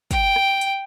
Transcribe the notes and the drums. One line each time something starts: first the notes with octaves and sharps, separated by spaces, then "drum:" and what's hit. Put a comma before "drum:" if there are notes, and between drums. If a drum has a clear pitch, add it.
G5, drum: kick, hi-hat
drum: rim click
drum: hi-hat